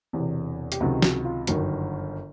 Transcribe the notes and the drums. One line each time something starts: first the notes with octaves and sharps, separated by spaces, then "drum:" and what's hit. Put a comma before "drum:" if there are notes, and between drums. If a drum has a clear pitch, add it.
E1 E2 C3
G4, drum: hi-hat
C#2 C3 D#3 F#3 F#4
F#4, drum: snare
F4
G1 F#2 D#3 F#4, drum: hi-hat